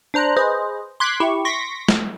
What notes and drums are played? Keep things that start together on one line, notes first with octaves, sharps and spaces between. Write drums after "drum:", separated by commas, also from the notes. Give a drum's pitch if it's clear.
D4 C5 A#5 F#6
G#4 B4 C5 D#5
C6 D6 F#6 G#6 B6
E4 G4 C#6
C6 C#6 A#6 B6 D7
drum: snare